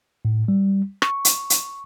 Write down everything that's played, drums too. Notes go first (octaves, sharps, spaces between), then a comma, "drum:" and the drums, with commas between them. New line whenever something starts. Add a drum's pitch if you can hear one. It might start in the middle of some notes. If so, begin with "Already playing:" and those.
A2
G3
C#6, drum: rim click
drum: hi-hat
drum: hi-hat